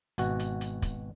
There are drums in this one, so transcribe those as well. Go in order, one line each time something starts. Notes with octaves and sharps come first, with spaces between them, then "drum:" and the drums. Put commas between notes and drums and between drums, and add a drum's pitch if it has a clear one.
G#1 B2 F#4, drum: hi-hat
drum: hi-hat
drum: hi-hat
drum: kick, hi-hat